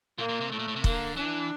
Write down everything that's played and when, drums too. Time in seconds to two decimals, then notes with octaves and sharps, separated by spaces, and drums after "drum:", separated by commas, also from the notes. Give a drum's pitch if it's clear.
0.18 A#2 A#3
0.29 A#2
0.41 C3
0.51 A2 A3
0.59 A#2
0.68 A2
0.76 C3
0.84 D3 A#3, drum: kick
1.16 E3 D4